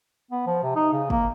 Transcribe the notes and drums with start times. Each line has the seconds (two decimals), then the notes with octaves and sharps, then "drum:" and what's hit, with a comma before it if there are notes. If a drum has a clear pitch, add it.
0.31 B3
0.47 F3
0.63 C3
0.76 D#4
0.93 C#3
1.10 A#3, drum: kick